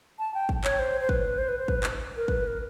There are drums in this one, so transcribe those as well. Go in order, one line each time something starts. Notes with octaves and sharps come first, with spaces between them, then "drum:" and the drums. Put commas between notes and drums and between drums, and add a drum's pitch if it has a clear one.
A5
G5
drum: kick
C#5, drum: clap
C5
C5
B4, drum: kick
C5
B4
C5
B4, drum: kick
drum: clap
A#4
B4, drum: kick
A#4